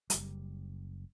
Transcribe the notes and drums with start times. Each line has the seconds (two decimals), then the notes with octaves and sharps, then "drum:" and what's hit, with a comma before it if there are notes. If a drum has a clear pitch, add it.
0.10 F#1 G3, drum: hi-hat